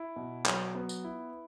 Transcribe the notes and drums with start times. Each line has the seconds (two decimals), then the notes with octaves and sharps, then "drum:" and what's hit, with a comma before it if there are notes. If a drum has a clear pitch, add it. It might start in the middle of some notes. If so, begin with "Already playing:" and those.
Already playing: E4
0.16 B2
0.46 F#3, drum: clap
0.75 B3
0.89 drum: tambourine
1.04 E4